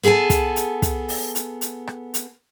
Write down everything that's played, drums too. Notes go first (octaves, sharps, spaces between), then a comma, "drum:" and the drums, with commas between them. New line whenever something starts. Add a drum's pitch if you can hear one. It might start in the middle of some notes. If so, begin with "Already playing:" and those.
B3 G#4 A4 G#5 A5
drum: kick, hi-hat
drum: hi-hat
drum: kick, hi-hat
drum: open hi-hat
drum: hi-hat
drum: hi-hat
drum: rim click
drum: hi-hat